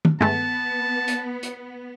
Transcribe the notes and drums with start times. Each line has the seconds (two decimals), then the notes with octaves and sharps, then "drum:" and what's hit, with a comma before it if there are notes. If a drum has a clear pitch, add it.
0.05 drum: tom
0.21 G#3 A3 B3 A5, drum: tom G2
1.08 drum: hi-hat
1.43 drum: hi-hat